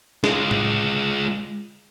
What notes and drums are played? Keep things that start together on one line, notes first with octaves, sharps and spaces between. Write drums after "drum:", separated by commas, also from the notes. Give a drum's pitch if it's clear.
G#3 F4, drum: snare
drum: tom A2